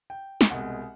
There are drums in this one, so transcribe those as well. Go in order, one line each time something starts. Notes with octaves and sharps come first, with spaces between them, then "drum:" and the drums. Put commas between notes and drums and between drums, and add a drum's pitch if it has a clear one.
G5
drum: snare
C2 B2 G#3 F#5